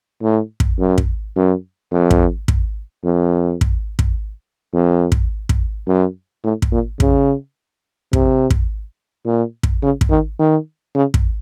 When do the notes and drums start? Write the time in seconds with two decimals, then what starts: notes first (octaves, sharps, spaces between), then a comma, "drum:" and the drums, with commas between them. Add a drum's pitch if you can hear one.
0.22 A2
0.60 drum: kick
0.79 F#2
0.98 drum: kick
1.36 F#2
1.92 F2
2.11 drum: kick
2.48 drum: kick
3.04 F2
3.61 drum: kick
3.99 drum: kick
4.74 F2
5.12 drum: kick
5.49 drum: kick
5.87 F#2
6.44 A2
6.62 drum: kick
6.71 A#2
7.00 C#3, drum: kick
8.13 C3, drum: kick
8.50 drum: kick
9.26 A#2
9.63 drum: kick
9.82 C#3
10.01 drum: kick
10.10 D#3
10.39 D#3
10.95 C#3
11.14 drum: kick